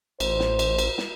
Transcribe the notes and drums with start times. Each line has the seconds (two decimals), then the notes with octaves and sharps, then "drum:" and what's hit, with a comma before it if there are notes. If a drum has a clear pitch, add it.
0.20 A1 C5, drum: cymbal
0.40 drum: snare
0.59 drum: cymbal
0.79 drum: cymbal
0.98 drum: snare